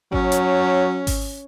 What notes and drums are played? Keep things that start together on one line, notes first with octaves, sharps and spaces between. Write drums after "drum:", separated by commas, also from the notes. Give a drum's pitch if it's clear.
F#3 C#4, drum: kick G#1
drum: hi-hat
drum: kick G#1, open hi-hat